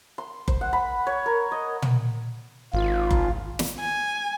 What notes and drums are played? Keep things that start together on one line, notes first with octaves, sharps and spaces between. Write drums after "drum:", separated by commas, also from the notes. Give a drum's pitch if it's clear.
C6
C5, drum: kick F#1
F#5
B5
C#5
A#4
D#5
drum: tom
G#1 F4
drum: kick F#1
drum: snare
G#5